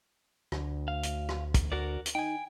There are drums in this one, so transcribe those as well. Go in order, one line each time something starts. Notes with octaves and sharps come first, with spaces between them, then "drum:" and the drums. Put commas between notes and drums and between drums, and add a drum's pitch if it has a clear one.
D2, drum: rim click
F5
drum: hi-hat
drum: rim click
drum: kick, hi-hat
F#4 A#4 D5
drum: hi-hat
D#3 G5 G#5